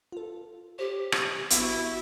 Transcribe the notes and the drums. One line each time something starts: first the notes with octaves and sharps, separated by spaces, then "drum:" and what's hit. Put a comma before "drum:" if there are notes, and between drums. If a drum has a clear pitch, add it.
F4 A4
G4 C5 C#5
drum: rim click
G#1 B3 E4 F#4 D7, drum: hi-hat